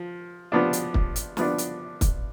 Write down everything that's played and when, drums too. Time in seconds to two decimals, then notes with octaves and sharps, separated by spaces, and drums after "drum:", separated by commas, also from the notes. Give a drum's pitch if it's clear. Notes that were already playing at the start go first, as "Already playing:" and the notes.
Already playing: F3
0.52 F3 B3 D4
0.73 drum: hi-hat
0.94 drum: kick
1.16 drum: hi-hat
1.37 F3 B3 D4, drum: snare
1.58 drum: hi-hat
2.01 drum: kick, hi-hat